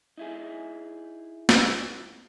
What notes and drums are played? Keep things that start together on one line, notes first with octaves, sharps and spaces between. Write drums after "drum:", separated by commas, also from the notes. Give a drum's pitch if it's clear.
D#4 E4 G#4
drum: snare